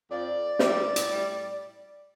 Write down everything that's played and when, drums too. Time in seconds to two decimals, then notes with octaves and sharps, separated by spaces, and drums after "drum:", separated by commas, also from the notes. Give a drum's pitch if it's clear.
0.11 F2 F3 D5
0.59 A2 G3, drum: snare
0.96 drum: hi-hat
1.08 A2 G3